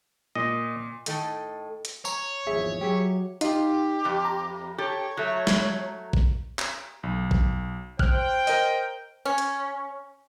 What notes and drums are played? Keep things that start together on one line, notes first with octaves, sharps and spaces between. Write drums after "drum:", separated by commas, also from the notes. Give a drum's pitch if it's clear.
A#2 D#5
A2 D#3 A3 A4 D#5 G5, drum: hi-hat
drum: hi-hat
C#5 A#5, drum: tambourine
G#1 E2 F3 G#4 E5
F#3 G4 G#4 E5
D#4 F4 G4, drum: hi-hat
F2
A#5
G4 A4 C#5
F#3 A3
drum: snare
drum: kick
drum: clap
B1
drum: kick
C5 G5 F6 F#6, drum: kick
A#4 D#5, drum: open hi-hat
C#4
drum: hi-hat